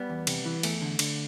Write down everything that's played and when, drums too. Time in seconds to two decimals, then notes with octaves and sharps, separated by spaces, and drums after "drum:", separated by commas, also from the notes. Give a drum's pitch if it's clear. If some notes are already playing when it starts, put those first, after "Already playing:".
Already playing: G3 B3
0.10 E2
0.27 C3, drum: cymbal
0.45 E3
0.63 E2 A3, drum: cymbal
0.81 D3
0.99 D3, drum: cymbal